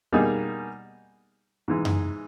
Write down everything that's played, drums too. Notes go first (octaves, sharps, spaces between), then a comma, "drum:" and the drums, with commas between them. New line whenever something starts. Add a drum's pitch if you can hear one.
B2 G3 A#3 D#4 G#4
G#2 E3 G#3
drum: tom F#2